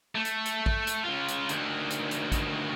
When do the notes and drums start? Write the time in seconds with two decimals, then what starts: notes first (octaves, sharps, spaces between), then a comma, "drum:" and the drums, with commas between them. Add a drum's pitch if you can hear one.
0.15 A3
0.25 drum: hi-hat
0.45 drum: hi-hat
0.66 drum: kick
0.87 drum: hi-hat
1.05 C#3 F4
1.28 drum: hi-hat
1.49 D2 D#3, drum: hi-hat
1.90 drum: hi-hat
2.11 drum: hi-hat
2.32 drum: kick, hi-hat